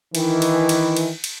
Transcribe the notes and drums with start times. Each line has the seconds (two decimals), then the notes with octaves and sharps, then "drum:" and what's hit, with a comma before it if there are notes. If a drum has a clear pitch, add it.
0.15 D#3 E3, drum: cymbal
0.42 drum: cymbal
0.69 drum: cymbal
0.97 drum: cymbal
1.24 drum: cymbal